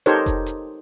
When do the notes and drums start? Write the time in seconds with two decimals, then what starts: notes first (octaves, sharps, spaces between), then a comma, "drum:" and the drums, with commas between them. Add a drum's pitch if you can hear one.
0.06 D#4 G4 A4 A#4 C5 C#5, drum: hi-hat
0.26 drum: kick F1, hi-hat
0.46 drum: hi-hat